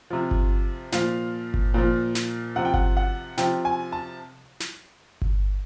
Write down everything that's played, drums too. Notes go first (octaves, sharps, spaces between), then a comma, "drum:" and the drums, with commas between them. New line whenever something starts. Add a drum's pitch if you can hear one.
C3 F3
drum: kick G1
A#2 F3 F5, drum: snare
drum: kick G1
A#2 F3
drum: snare
C3 F3 F#5
G5
F#5, drum: kick G1
F#5
C3 F3 G5, drum: snare
G#5
A5
drum: snare
drum: kick G1